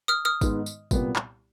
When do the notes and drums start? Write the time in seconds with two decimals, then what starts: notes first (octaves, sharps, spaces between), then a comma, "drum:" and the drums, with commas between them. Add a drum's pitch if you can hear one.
0.08 D#6 F6
0.25 D#6 F6
0.41 G#2 D#3 G#3 B3 D#4, drum: kick, tambourine
0.66 drum: tambourine
0.91 C2 A#2 G3 B3, drum: kick, tambourine
1.16 drum: clap